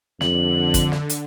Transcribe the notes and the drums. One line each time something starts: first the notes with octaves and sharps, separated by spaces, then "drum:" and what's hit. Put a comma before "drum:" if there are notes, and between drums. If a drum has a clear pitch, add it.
F2 D3 F#7, drum: snare
drum: kick, hi-hat
drum: snare
drum: hi-hat